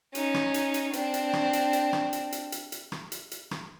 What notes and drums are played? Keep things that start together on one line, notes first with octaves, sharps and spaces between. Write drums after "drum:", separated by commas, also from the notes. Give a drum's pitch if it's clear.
C#4 D#4, drum: hi-hat
drum: rim click
drum: hi-hat
drum: hi-hat
C4 D4, drum: hi-hat
drum: hi-hat
drum: rim click
drum: hi-hat
drum: hi-hat
drum: rim click
drum: hi-hat
drum: hi-hat
drum: hi-hat
drum: hi-hat
drum: rim click
drum: hi-hat
drum: hi-hat
drum: rim click